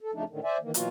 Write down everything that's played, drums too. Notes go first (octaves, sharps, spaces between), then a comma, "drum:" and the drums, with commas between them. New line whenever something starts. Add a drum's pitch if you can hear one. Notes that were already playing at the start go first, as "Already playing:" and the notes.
A4
F2 C#3 F3 A3 D4 D#4
A2 D3 D#3
C5 D5 E5 G#5
D#3 E3 A#3
B2 E3 F#3 A#3 F4 F#4, drum: hi-hat